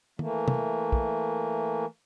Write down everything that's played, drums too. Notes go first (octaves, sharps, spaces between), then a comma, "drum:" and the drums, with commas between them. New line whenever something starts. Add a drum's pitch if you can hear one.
E3 A3 A#3, drum: tom
drum: tom
drum: kick